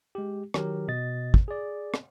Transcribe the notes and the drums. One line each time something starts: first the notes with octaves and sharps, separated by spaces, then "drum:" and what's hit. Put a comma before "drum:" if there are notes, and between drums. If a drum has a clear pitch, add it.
G#3 G4
D#3 F#3 G4 A#4, drum: rim click
B2 D#5 A6
drum: kick
G#4 D5
drum: rim click